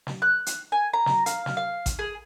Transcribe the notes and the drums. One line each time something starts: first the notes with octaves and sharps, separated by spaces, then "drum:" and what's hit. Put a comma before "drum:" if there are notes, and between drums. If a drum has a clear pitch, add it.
drum: snare
F#6
drum: hi-hat
G#5
A#5
drum: snare
F5, drum: hi-hat
drum: snare
F5
drum: kick A1, hi-hat
G#4